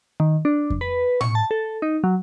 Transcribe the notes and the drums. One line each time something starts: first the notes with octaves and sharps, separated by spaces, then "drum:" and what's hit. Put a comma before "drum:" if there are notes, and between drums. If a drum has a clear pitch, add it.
D#3
D4
drum: kick F2
B4
C#6, drum: tom A2
A5
A4
D#4
F#3